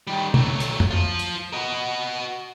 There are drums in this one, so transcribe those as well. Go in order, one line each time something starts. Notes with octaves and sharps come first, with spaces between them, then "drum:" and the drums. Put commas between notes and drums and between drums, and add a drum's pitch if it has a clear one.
D#3 G3
F#3 A3, drum: tom
drum: hi-hat
drum: tom F2
F3 F4
drum: tambourine
F#4 D#5